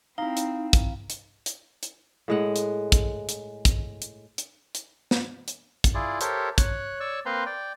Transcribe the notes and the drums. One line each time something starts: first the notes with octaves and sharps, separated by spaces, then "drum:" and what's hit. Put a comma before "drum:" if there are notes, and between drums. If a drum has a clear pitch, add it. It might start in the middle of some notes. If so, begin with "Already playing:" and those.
C4 D#4 E4 F5 A#5
drum: hi-hat
drum: kick, hi-hat
drum: hi-hat
drum: hi-hat
drum: hi-hat
A2 G#3 F#5
drum: hi-hat
drum: kick, hi-hat
drum: hi-hat
drum: kick, hi-hat
drum: hi-hat
drum: hi-hat
drum: hi-hat
drum: snare
drum: hi-hat
drum: kick, hi-hat
E4 F4 G#4 D5
G4 A4 A#4 C5 C#5 E5, drum: hi-hat
C#5 F#6, drum: kick, hi-hat
C#5 D5 C#6 E6
A#3 C4 B4 C5 A#5 C6
D5 G5